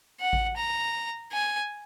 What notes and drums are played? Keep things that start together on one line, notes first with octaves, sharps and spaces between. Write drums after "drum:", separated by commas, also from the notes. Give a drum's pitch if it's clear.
F#5
drum: kick A1
A#5
G#5